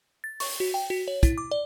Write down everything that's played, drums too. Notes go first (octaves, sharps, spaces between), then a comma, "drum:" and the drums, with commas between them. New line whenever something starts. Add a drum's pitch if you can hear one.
A6
C#6, drum: open hi-hat
F#4
G5
F#4
C#5
E4, drum: kick, hi-hat
D6
D5